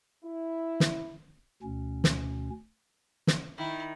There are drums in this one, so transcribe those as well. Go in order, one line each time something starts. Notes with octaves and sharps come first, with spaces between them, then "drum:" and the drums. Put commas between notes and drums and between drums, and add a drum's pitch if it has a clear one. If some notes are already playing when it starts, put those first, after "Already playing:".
E4
drum: snare
D2 B2 C#4
drum: snare
drum: snare
D#3 E4